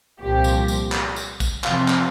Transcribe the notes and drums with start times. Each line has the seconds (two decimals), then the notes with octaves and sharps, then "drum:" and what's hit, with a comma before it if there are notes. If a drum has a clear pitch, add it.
0.20 C2 A#2 F3 G4
0.44 drum: tambourine
0.68 drum: tambourine
0.92 drum: clap
1.16 drum: tambourine
1.40 drum: kick, tambourine
1.64 F2 C3 F3 C4 F4, drum: clap
1.88 drum: clap